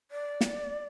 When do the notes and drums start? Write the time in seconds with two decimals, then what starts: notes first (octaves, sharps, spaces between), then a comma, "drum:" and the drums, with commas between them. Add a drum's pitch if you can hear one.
0.11 D5
0.41 drum: snare